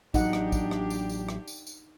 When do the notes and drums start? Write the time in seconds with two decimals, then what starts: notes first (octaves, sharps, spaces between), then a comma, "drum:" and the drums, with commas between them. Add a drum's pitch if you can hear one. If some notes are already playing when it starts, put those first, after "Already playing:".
0.14 A1 F#3 D4 D#4 G4 F#5, drum: kick A1, tambourine
0.33 drum: rim click
0.52 drum: kick A1, tambourine
0.71 drum: rim click
0.90 drum: tambourine
1.09 drum: tambourine
1.29 drum: rim click
1.48 drum: tambourine
1.67 drum: tambourine